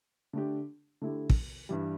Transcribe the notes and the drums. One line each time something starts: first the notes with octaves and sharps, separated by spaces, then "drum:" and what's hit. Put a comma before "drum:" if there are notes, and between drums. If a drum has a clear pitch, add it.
D3 A3 D4 G4
D3 A3 E4 G4
drum: kick
G2 E3 G3